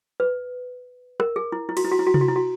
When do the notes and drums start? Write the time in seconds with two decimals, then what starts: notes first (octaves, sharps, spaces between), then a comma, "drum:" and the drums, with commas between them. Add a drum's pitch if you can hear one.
0.20 B4
1.20 A#4, drum: rim click
1.36 G#4
1.52 E4
1.69 E4
1.77 F#4, drum: cymbal
1.84 E4
1.92 F#4
1.99 E4
2.07 F#4
2.14 E4, drum: tom C3
2.21 F#4
2.28 E4
2.36 F#4